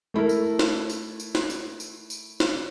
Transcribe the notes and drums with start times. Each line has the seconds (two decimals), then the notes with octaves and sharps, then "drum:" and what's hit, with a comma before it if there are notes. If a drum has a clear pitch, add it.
0.14 A3 E4 A4 A#4
0.29 drum: tambourine
0.59 drum: snare
0.90 drum: tambourine
1.20 drum: tambourine
1.35 drum: snare
1.50 drum: tambourine
1.80 drum: tambourine
2.10 drum: tambourine
2.40 drum: snare